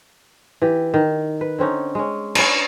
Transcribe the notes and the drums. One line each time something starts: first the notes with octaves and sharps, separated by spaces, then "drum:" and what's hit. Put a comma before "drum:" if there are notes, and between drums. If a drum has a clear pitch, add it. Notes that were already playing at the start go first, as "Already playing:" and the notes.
E3 G4
D#3
B4
D3 C4 C#4 D#4
G#3 C#4
C#4 D4, drum: cymbal